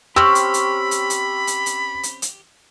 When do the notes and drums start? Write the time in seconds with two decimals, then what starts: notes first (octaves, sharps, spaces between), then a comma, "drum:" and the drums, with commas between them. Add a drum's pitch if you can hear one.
0.16 C4 C#4 G4 B5 E6
0.35 drum: hi-hat
0.54 drum: hi-hat
0.91 drum: hi-hat
1.10 drum: hi-hat
1.47 drum: hi-hat
1.66 drum: hi-hat
2.03 drum: hi-hat
2.22 drum: hi-hat